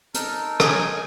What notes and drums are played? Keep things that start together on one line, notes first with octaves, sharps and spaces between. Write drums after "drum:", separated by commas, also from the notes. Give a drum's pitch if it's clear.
D#4 A4 A#4, drum: hi-hat
D#5 G#5, drum: rim click